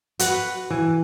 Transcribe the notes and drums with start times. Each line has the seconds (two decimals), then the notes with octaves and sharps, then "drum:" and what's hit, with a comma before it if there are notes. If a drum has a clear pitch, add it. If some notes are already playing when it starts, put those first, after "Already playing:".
0.19 F#4 B4 F#5, drum: hi-hat
0.70 E3